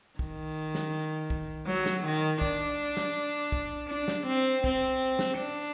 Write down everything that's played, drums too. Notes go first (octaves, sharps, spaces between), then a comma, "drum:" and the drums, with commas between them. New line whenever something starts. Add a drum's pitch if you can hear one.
D#3, drum: kick
drum: snare
drum: kick
F#3
drum: snare
D#3
D4, drum: kick
drum: snare
drum: kick
D4
drum: snare
C4
C4, drum: kick
drum: snare
D4